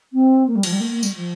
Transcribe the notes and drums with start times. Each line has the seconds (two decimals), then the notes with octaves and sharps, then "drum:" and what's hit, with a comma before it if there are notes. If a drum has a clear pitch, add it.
0.13 C4
0.47 A#3
0.55 G3
0.63 F3, drum: cymbal
0.71 G3
0.80 A#3
0.91 A#3
1.03 G3, drum: tambourine
1.13 F3